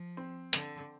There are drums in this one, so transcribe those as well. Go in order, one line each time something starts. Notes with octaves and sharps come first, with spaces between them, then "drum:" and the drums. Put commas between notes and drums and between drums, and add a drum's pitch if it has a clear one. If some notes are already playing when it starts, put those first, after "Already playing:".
Already playing: F3
C4
D3, drum: hi-hat